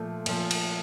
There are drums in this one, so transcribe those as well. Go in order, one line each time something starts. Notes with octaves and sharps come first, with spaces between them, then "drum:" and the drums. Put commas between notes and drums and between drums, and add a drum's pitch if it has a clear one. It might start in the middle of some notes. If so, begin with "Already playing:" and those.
Already playing: A#2 F3 A3
A#2 F3, drum: cymbal
drum: cymbal